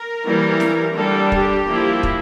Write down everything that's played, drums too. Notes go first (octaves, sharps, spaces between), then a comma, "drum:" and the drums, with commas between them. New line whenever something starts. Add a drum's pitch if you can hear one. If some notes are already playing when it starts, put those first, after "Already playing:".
Already playing: A#4
E3 G3 A#3 E4
drum: snare
D3 G3 D4 A4
G4, drum: kick
F3 A#3 E4
drum: kick